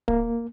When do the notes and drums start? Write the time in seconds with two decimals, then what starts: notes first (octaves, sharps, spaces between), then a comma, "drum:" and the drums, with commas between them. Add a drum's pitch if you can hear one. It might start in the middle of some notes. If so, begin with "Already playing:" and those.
0.08 A#3, drum: kick